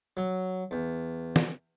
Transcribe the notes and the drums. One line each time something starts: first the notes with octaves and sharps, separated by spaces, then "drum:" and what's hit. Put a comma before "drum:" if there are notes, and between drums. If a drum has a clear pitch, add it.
F#3
E2
drum: snare